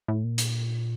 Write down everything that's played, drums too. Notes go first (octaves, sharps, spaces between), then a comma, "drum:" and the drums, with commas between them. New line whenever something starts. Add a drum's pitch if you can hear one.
A2
A#2
drum: hi-hat